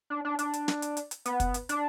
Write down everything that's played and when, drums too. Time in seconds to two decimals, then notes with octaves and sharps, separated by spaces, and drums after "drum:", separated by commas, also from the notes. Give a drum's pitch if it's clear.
0.10 D4
0.25 D4
0.39 D4, drum: hi-hat
0.53 drum: hi-hat
0.68 drum: snare
0.82 drum: hi-hat
0.97 drum: hi-hat
1.11 drum: hi-hat
1.25 B3, drum: hi-hat
1.40 drum: kick, hi-hat
1.54 drum: hi-hat
1.69 D4, drum: hi-hat